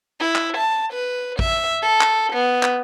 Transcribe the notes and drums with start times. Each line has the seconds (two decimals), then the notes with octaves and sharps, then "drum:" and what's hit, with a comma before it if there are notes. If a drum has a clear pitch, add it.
0.20 E4
0.36 drum: clap
0.57 A5
0.93 B4
1.39 E5, drum: kick A1
1.82 A4
2.01 drum: clap
2.33 B3
2.63 drum: clap